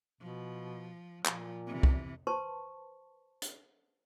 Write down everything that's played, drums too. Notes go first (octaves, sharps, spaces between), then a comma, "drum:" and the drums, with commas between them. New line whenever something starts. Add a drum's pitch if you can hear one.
B2 F3
A#2 F3, drum: clap
C3 E3
drum: kick C2
B4 C5 A5 C6 C#6
drum: hi-hat